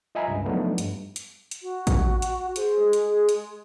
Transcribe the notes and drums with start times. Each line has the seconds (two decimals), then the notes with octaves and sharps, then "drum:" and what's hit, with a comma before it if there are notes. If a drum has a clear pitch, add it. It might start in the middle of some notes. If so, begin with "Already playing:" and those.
0.15 F4 D#5 E5 G#5 A#5 B5
0.28 C#2 G2
0.45 F3 F#3 A3 B3 D4 D#4
0.78 G2, drum: hi-hat
1.16 drum: hi-hat
1.51 drum: hi-hat
1.62 F#4
1.87 drum: kick A1, hi-hat
2.22 drum: hi-hat
2.56 G#4 C5, drum: hi-hat
2.79 G#3
2.93 drum: hi-hat
3.29 drum: hi-hat